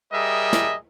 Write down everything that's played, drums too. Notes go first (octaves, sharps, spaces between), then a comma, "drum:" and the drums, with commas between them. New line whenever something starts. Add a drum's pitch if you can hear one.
G3 G#4 A#4 D#5 E5
drum: snare